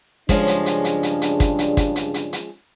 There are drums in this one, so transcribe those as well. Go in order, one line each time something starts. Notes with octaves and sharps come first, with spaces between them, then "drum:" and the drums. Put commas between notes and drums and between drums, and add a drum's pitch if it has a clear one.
G2 C#3 F3 G#3 C#4 D4, drum: kick, hi-hat
drum: hi-hat
drum: hi-hat
drum: hi-hat
drum: hi-hat
drum: hi-hat
drum: kick, hi-hat
drum: hi-hat
drum: kick, hi-hat
drum: hi-hat
drum: hi-hat
drum: hi-hat